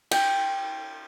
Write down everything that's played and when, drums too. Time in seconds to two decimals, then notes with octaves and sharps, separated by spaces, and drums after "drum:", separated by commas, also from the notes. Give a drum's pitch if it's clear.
0.11 G5, drum: cymbal